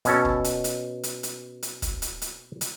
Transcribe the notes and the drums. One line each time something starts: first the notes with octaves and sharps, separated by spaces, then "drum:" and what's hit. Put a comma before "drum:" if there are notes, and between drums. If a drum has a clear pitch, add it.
B2 C#4 A4, drum: hi-hat
drum: kick
drum: hi-hat
drum: hi-hat
drum: hi-hat
drum: hi-hat
drum: hi-hat
drum: kick, hi-hat
drum: hi-hat
drum: hi-hat
drum: hi-hat